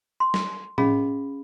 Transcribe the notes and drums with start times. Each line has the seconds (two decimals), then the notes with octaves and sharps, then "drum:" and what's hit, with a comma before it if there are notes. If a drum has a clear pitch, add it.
0.20 C6
0.34 drum: snare
0.78 C#4 G#4 D#5 F5 B5, drum: tom A2